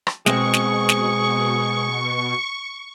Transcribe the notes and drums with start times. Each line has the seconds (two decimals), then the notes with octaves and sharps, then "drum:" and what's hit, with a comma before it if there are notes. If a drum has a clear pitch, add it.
0.07 drum: rim click
0.26 B2 G#3 C4 G#4 C#6, drum: snare
0.54 drum: snare
0.89 drum: snare